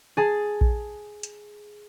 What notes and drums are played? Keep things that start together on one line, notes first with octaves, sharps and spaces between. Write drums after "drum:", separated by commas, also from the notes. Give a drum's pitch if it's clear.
G#4 A5
drum: kick A#1
drum: hi-hat